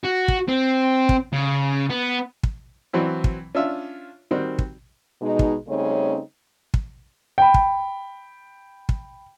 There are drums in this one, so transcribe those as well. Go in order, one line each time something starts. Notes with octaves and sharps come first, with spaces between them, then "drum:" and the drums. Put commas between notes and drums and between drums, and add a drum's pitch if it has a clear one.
F#4
drum: kick
C4
drum: kick
C#3
B3
drum: kick
E3 F#3 C4 E4
drum: kick
C#4 D4 F4 E5
D#3 G3 C4 F#4
drum: kick
B2 G#3 D#4
drum: kick
C#3 G3 A3 C4 C#4 D#4
drum: kick
G5 B5
drum: kick
drum: kick